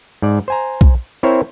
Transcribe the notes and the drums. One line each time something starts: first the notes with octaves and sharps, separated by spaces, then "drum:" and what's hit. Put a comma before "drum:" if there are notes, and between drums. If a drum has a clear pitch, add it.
G#2 D5
C5 G#5 A#5
drum: kick
C4 E4 A#4 C5 C#5